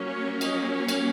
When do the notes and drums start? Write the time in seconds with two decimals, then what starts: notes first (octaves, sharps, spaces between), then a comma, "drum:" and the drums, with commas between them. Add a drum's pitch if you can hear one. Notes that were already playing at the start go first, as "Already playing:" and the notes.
Already playing: F#3 A#3 C#4
0.10 C#5
0.41 D#5, drum: cymbal
0.73 C#5
0.89 drum: cymbal